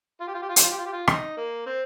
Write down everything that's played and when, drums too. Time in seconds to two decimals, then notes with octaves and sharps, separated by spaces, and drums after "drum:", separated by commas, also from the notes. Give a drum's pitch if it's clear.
0.20 F4
0.27 G4
0.34 F4
0.42 G4
0.49 F4
0.56 G4, drum: hi-hat
0.63 F4
0.71 G4
0.78 F4
0.86 G4
0.93 F4
1.08 D#4, drum: rim click
1.37 A#3
1.66 C4